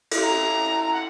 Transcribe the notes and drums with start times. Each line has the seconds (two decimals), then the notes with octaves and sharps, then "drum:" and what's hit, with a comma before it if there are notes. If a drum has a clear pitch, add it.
0.11 drum: cymbal
0.23 A#5
0.83 A#5
0.93 F#5